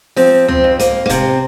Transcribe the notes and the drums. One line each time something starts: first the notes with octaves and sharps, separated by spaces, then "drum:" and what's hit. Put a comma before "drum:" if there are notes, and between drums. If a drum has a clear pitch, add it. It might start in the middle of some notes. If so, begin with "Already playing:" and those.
F3 C4, drum: open hi-hat
C4, drum: tom C#2
F2
A#3, drum: hi-hat
A#3
C3 C4, drum: kick, hi-hat